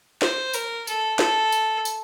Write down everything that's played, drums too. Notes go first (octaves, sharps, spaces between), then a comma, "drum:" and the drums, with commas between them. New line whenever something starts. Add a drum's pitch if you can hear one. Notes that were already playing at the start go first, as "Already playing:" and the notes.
C5, drum: snare
A#4, drum: tambourine
A4, drum: tambourine
A4, drum: snare
drum: tambourine
drum: tambourine